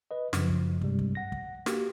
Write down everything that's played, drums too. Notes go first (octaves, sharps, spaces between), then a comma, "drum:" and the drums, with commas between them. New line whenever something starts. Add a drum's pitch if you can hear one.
B4 D#5
F#2 C#3 F3, drum: snare
drum: kick
G2 C3 G3 G#3, drum: kick
drum: kick
F#5 A#6
drum: kick
A#3 F#4 G4, drum: snare